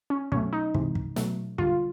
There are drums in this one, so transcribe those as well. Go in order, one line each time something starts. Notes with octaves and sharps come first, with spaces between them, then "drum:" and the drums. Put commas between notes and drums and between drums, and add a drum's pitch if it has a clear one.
C#4
B2 F#3 A3 C#4, drum: kick
D#4
C3 E3 G#3, drum: kick
drum: kick
B2 F#3 A3, drum: snare
D3 G3 F4, drum: kick